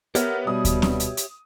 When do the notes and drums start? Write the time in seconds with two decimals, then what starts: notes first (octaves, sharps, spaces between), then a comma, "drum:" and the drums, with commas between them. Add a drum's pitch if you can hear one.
0.15 B3 G4 A#4 C#5 E5, drum: hi-hat
0.47 B2 G3 D#6
0.65 drum: kick D2, hi-hat
0.82 drum: snare C4
1.00 drum: hi-hat
1.17 drum: hi-hat